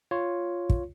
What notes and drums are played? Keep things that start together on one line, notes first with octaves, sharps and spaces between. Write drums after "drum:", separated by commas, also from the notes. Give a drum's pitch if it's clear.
F4 C#5
drum: kick